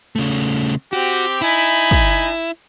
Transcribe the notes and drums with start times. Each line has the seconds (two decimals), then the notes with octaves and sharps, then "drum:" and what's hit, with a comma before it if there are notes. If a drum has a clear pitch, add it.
0.16 C#3 A3
0.93 C4 F#4 G4
1.42 D#4 E4 G#5 B5, drum: hi-hat
1.91 drum: kick